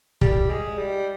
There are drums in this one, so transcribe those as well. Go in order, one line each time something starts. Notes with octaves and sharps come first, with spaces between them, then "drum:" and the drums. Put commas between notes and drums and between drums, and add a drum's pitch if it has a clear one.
G3, drum: kick
G#3
G3